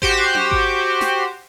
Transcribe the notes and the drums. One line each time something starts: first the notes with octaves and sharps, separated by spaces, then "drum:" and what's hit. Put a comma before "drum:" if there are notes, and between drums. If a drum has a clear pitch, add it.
F#4 G4 C5, drum: kick G#1
drum: tom C#4
drum: kick G#1
drum: snare